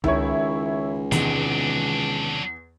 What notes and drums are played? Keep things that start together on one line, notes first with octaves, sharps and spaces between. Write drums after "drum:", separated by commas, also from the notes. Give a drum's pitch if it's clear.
C#2 D#3 E4 C#5, drum: tom C#2
E2 C3 D#3 F#3 G#3 D4, drum: hi-hat